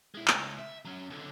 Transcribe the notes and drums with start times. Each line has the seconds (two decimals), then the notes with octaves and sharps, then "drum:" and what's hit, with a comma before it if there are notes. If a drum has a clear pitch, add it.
0.15 G#3 E4
0.28 C#2, drum: clap
0.59 E5
0.85 F#3 C#4
1.10 C#2 D3